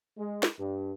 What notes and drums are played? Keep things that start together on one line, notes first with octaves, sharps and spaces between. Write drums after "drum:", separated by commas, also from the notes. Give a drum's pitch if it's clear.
G#3
drum: snare
G2